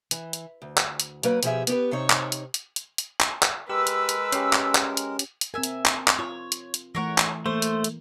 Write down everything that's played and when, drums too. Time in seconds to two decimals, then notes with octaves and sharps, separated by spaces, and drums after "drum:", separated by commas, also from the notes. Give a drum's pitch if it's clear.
0.11 E3, drum: hi-hat
0.33 drum: hi-hat
0.62 D2
0.77 drum: clap
1.00 drum: hi-hat
1.23 F#3 A#3 B4 F#5, drum: hi-hat
1.43 B2 F3 G4 G#4 E5, drum: hi-hat
1.67 B3 G4 B4, drum: hi-hat
1.91 C3 C4 D#4 C#5
2.10 drum: clap
2.32 drum: hi-hat
2.54 drum: hi-hat
2.76 drum: hi-hat
2.98 drum: hi-hat
3.20 drum: clap
3.43 drum: clap
3.70 G#3 G4 A#4 B4 E6
3.87 drum: hi-hat
4.09 drum: hi-hat
4.32 C#4 G4, drum: hi-hat
4.53 drum: clap
4.75 drum: clap
4.97 drum: hi-hat
5.19 drum: hi-hat
5.41 drum: hi-hat
5.54 C4 A#4 E5 G#5
5.63 drum: hi-hat
5.86 drum: clap
6.08 drum: clap
6.19 F4 C#5
6.52 drum: hi-hat
6.74 drum: hi-hat
6.95 E3 A3 A#4 C#5 F#5
7.18 drum: clap
7.46 E3 A3 A#3 C5
7.62 drum: hi-hat
7.84 drum: hi-hat